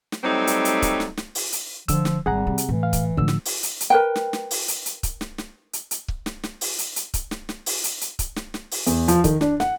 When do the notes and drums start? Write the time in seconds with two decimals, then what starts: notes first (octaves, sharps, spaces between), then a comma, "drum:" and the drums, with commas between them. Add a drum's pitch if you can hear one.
0.12 drum: snare
0.24 F#3 G3 A3 C4 D#4
0.47 drum: hi-hat
0.65 drum: hi-hat
0.82 drum: kick C#1, hi-hat
1.00 drum: snare
1.17 drum: snare
1.35 drum: open hi-hat
1.52 drum: hi-hat
1.88 D3 F3 E6, drum: kick C#1, hi-hat
2.05 drum: snare
2.26 G#1 D3 G3 G#4 F#5 A#5
2.47 C3
2.58 drum: hi-hat
2.69 A2 E3
2.83 F5
2.93 drum: kick C#1, hi-hat
3.17 A2 D3 F3 E6
3.28 drum: snare
3.45 drum: open hi-hat
3.63 drum: hi-hat
3.80 drum: hi-hat
3.90 A#4 B4 G5
4.16 drum: snare
4.33 drum: snare
4.51 drum: open hi-hat
4.68 drum: hi-hat
4.86 drum: hi-hat
5.03 drum: kick C#1, hi-hat
5.21 drum: snare
5.38 drum: snare
5.73 drum: hi-hat
5.91 drum: hi-hat
6.08 drum: kick C#1
6.26 drum: snare
6.43 drum: snare
6.61 drum: open hi-hat
6.79 drum: hi-hat
6.96 drum: hi-hat
7.14 drum: kick C#1, hi-hat
7.31 drum: snare
7.49 drum: snare
7.66 drum: open hi-hat
7.84 drum: hi-hat
8.01 drum: hi-hat
8.19 drum: kick C#1, hi-hat
8.36 drum: snare
8.54 drum: snare
8.71 drum: open hi-hat
8.86 E2, drum: hi-hat
9.08 F3, drum: hi-hat
9.24 D#3, drum: kick C#1, hi-hat
9.41 D4, drum: snare
9.60 F#5, drum: snare